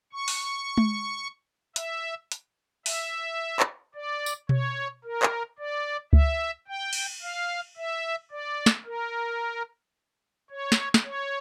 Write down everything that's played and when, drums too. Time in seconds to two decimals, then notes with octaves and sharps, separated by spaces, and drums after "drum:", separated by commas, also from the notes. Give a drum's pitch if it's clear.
0.13 C#6
0.28 drum: open hi-hat
0.78 drum: tom G#3
1.76 E5, drum: hi-hat
2.32 drum: hi-hat
2.86 E5, drum: open hi-hat
3.60 drum: clap
3.95 D5
4.26 drum: tambourine
4.49 C#5, drum: tom B2
5.04 A#4
5.23 drum: clap
5.59 D5
6.13 E5, drum: kick C#2
6.68 G5
6.93 drum: cymbal
7.22 F5
7.77 E5
8.31 D5
8.66 drum: snare
8.86 A#4
10.50 C#5
10.72 drum: snare
10.94 drum: snare
11.04 C#5